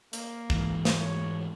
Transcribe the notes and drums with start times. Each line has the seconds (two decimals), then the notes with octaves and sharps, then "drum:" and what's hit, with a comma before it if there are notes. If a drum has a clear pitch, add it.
0.13 A#3, drum: hi-hat
0.50 G#2 E3, drum: kick
0.85 drum: snare
1.01 C#5